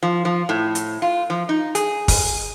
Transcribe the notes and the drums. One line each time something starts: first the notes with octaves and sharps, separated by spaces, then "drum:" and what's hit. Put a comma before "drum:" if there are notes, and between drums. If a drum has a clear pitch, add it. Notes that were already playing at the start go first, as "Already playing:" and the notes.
F3
F3
A2
drum: hi-hat
F4
F3
D#4
G#4, drum: hi-hat
drum: kick, open hi-hat